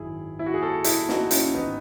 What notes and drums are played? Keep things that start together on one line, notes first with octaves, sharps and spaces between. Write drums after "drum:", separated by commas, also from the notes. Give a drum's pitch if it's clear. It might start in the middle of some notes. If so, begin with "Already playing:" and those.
Already playing: G#1 F#2 D#3 E4 G#4
E4
F#4
G#4
F#4 A4
E4 G#4, drum: hi-hat
D#4 F#4, drum: snare
C#4 E4, drum: hi-hat
G#1 E3 B3 D#4